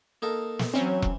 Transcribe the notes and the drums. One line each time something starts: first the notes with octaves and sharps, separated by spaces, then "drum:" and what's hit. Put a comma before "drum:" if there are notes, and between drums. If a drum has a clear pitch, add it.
A#3 D#4 A4
drum: snare
E3 F#3 C4 C#4
drum: kick